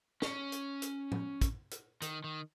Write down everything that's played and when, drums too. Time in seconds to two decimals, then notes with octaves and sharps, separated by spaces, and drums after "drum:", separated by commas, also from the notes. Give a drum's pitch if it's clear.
0.22 C#4, drum: snare
0.52 drum: hi-hat
0.82 drum: hi-hat
1.12 drum: tom
1.41 drum: kick, hi-hat
1.71 drum: hi-hat
2.02 D#3, drum: hi-hat
2.24 D#3